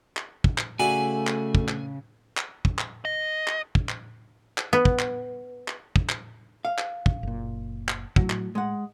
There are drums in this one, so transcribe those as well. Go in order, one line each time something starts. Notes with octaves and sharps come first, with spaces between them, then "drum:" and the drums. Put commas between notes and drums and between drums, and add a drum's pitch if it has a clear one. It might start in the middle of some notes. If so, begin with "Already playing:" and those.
drum: clap
drum: kick
drum: clap
C#3 A3 F#4 D5 E5 G#5
drum: clap
drum: kick
drum: clap
drum: clap
drum: kick
drum: clap
D#5
drum: clap
drum: kick
drum: clap
drum: clap
B3
drum: kick
drum: clap
drum: clap
drum: kick
drum: clap
F5
drum: clap
drum: kick
F#1 A#2
drum: clap
A2 F#3, drum: kick
drum: clap
G#3 F#5